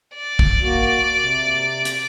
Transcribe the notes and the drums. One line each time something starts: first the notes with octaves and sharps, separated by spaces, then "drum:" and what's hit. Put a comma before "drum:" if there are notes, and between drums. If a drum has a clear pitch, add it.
D5
drum: kick
A#3 F#4
C3
drum: hi-hat